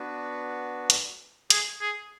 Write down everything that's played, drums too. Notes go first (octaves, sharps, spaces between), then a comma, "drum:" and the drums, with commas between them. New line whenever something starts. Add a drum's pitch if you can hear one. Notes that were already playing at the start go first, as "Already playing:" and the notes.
Already playing: B3 D4 F#4 B4
drum: hi-hat
G#4, drum: hi-hat
G#4